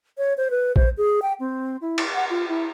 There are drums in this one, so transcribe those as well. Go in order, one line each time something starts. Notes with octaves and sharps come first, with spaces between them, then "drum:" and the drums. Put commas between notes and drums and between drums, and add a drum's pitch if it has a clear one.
C#5
C5
B4
C5, drum: kick A#1
G#4
G5
C4
E4
drum: cymbal
F#5
F4
E4